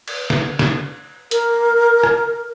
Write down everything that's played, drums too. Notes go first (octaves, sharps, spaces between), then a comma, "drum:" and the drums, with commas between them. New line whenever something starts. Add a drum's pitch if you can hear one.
drum: cymbal
drum: snare
drum: snare
A#4, drum: hi-hat
drum: rim click